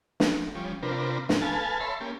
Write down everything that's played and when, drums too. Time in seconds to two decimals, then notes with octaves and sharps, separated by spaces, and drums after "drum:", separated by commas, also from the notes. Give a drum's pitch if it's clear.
0.20 drum: snare
0.55 F3 G3 C#4
0.83 C3 C4 D4 F4 A#4 B4
1.29 A2 A#3 C4, drum: snare
1.41 A4 B4 F5 G#5 A5
1.80 C#5 E5 A5 B5 C6
2.01 A#3 C#4 G4